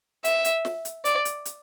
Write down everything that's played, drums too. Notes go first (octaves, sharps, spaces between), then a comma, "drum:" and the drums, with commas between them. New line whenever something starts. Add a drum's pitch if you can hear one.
E5, drum: hi-hat
drum: hi-hat
drum: snare
drum: hi-hat
D5, drum: hi-hat
drum: hi-hat
drum: hi-hat